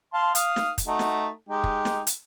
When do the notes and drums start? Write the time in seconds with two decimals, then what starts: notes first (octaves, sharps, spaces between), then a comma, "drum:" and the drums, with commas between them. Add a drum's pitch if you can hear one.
0.13 F5 A5 C6
0.35 F5 D#6, drum: hi-hat
0.56 drum: snare
0.78 drum: kick, hi-hat
0.87 A3 D#4 F#4
0.99 drum: snare
1.49 G#3 D#4 G4
1.64 drum: kick
1.85 drum: snare
2.07 drum: hi-hat